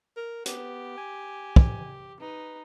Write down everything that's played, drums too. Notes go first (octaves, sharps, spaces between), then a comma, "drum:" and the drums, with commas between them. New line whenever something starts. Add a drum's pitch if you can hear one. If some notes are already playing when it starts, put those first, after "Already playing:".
A#4
B3 G4, drum: hi-hat
G#5
drum: kick
D#4 B4